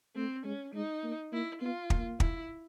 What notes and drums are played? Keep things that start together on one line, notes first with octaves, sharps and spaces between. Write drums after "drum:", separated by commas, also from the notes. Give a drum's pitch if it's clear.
A3 C4
G#3 C#4
G#3 D#4
A#3
A#3 E4
B3 F4
A#3, drum: kick
E4, drum: kick